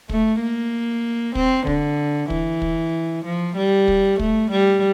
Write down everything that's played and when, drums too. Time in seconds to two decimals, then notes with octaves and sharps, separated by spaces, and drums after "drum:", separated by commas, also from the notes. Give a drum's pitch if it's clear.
0.09 A3, drum: kick
0.40 A#3
1.35 C4, drum: kick
1.67 D3, drum: kick
2.30 E3, drum: kick
2.62 drum: kick
3.25 F3
3.57 G3
3.88 drum: kick
4.19 A3, drum: kick
4.51 G3